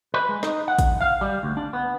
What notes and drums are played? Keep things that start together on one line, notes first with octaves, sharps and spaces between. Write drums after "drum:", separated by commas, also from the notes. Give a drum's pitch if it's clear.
B4
G#3
D#4, drum: snare
F#5
drum: kick, hi-hat
F5
G3
D2
D4
B3